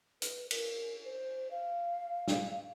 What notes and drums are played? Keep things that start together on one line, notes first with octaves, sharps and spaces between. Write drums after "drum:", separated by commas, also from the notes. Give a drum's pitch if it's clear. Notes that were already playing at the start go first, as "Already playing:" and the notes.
B4, drum: hi-hat
A#4, drum: cymbal
C5
F5
drum: snare